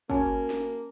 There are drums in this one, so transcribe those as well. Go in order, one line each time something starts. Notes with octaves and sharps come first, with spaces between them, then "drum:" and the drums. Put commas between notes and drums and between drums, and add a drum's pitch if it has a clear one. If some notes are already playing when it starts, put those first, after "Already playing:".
A#3 C#4 F#4 G#5 A5, drum: kick
drum: snare